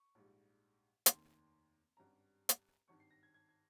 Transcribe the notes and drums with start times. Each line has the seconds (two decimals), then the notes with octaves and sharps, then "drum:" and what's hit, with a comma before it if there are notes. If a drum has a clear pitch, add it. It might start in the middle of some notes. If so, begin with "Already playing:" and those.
Already playing: C#6
0.15 A#1 G#2 G3
1.06 F1 D#2 D#3 A#3 C6, drum: hi-hat
1.97 G#1 G2 G3 C#4 A#5
2.49 drum: hi-hat
2.88 G#1 G2 D#3 C#6
3.00 C7
3.11 A#6
3.23 G#6
3.34 G#6
3.49 G#6